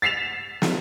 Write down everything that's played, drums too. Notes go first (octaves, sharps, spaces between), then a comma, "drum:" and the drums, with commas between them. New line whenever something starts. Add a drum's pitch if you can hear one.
A6 B6 C7 E7 F7
drum: snare